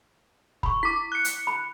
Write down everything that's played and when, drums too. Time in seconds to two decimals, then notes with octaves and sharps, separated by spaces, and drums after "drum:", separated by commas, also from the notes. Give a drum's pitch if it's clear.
0.63 B5 C#6, drum: kick
0.83 E4 D6 B6
1.12 F#6 C#7
1.25 drum: hi-hat
1.47 B5